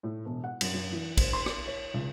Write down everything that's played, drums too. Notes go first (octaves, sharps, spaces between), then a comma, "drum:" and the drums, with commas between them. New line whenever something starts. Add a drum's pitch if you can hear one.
A2
E1
F#5
F#2, drum: cymbal
F#2
E3
C5, drum: kick, cymbal
C6
drum: rim click
C#5
C#2